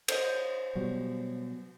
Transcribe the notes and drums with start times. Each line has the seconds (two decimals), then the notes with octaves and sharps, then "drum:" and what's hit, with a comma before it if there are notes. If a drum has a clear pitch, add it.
0.08 C5 C#5 D#5, drum: cymbal
0.75 B2 F#3 G3